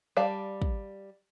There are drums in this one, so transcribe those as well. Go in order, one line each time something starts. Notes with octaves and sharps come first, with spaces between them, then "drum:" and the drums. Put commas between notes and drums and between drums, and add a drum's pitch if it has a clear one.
G3 D5 F5 A5
drum: kick